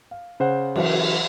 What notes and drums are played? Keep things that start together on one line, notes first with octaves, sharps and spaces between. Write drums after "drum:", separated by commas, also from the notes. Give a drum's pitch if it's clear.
F5
C#3 C5 F#5
E3 F#3 A#4, drum: cymbal